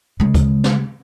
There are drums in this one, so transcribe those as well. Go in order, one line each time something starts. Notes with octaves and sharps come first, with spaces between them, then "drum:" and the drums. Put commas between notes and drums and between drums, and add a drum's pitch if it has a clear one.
C#3 G#3
drum: kick D2, hi-hat
drum: snare